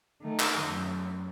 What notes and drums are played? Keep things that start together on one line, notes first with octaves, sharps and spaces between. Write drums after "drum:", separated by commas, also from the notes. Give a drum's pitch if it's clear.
D#3 A3
drum: clap
F#2